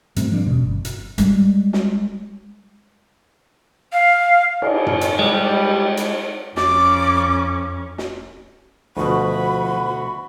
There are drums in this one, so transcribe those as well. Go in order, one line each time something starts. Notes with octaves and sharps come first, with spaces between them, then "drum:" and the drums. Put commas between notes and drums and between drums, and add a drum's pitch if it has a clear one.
G#2 G3 A3 C4, drum: hi-hat
F3 G3 A#3 D4
E1 B2 C#4
G1
drum: hi-hat
G3 G#3, drum: hi-hat
drum: snare
F5
drum: cymbal
drum: tom
drum: hi-hat
G3 G#3
drum: hi-hat
F2 C#4 D6, drum: snare
drum: snare
D2 B2 F3 F#4 B5